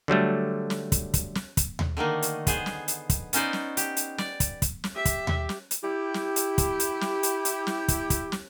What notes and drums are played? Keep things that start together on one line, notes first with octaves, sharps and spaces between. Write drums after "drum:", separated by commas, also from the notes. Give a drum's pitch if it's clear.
D3 F#3 G3 A3
drum: snare
drum: kick, hi-hat
drum: kick, hi-hat
drum: snare
drum: kick, hi-hat
drum: tom D#2
D3 D#3 A3 A#3
drum: hi-hat
B3 G#4 C5, drum: kick, hi-hat
drum: snare
drum: hi-hat
drum: kick, hi-hat
B3 C#4 D#4 C5 D5, drum: hi-hat
drum: snare
G4, drum: hi-hat
drum: hi-hat
D5, drum: snare
drum: kick, hi-hat
drum: kick, hi-hat
drum: snare
G4 E5
drum: kick, hi-hat
drum: tom D#2
drum: snare
drum: hi-hat
E4 G4
drum: snare
drum: hi-hat
drum: kick, hi-hat
drum: hi-hat
drum: snare
drum: hi-hat
drum: hi-hat
drum: snare
drum: kick, hi-hat
drum: kick, hi-hat
drum: snare